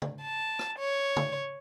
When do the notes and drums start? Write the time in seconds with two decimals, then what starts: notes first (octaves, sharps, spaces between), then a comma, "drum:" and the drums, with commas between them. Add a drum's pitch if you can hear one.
0.02 drum: tom
0.22 A5
0.59 drum: rim click
0.78 C#5
1.16 drum: tom